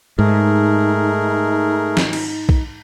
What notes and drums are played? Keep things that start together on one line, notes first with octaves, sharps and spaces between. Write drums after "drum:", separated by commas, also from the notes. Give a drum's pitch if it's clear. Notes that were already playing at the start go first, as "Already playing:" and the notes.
G#2 A3 D#4 G#4 A#4
drum: snare
drum: cymbal
drum: kick B1